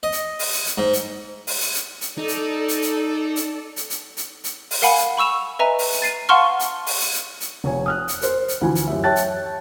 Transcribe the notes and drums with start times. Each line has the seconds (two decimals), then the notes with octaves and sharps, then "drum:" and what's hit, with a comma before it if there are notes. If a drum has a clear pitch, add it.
0.03 D#5
0.12 drum: hi-hat
0.39 drum: open hi-hat
0.53 drum: hi-hat
0.66 drum: hi-hat
0.78 G#2
0.93 drum: hi-hat
1.47 drum: open hi-hat
1.61 drum: hi-hat
1.74 drum: hi-hat
2.01 drum: hi-hat
2.18 D#4 A4 D5
2.28 drum: hi-hat
2.68 drum: hi-hat
2.82 drum: hi-hat
3.36 drum: hi-hat
3.76 drum: hi-hat
3.90 drum: hi-hat
4.17 drum: hi-hat
4.44 drum: hi-hat
4.71 drum: open hi-hat
4.82 A#4 F5 F#5 G#5 B5, drum: hi-hat
4.98 drum: hi-hat
5.17 B5 C#6 E6 E7 F7
5.59 B4 D#5 E5 G#5 A#5
5.79 drum: open hi-hat
5.92 drum: hi-hat
6.02 A6 C7 D#7
6.29 F5 F#5 A5 C6 C#6 F6
6.60 drum: hi-hat
6.86 drum: open hi-hat
7.00 drum: hi-hat
7.13 drum: hi-hat
7.40 drum: hi-hat
7.64 F1 C#5 G#5
7.86 D#6 F6 F#6
8.08 drum: hi-hat
8.21 A#4 C5, drum: hi-hat
8.48 drum: hi-hat
8.61 D2 E3 F3 G#5
8.75 drum: hi-hat
8.87 F#2 G4 E5
9.04 C#5 E5 G5 A5 F#6 A6
9.16 drum: hi-hat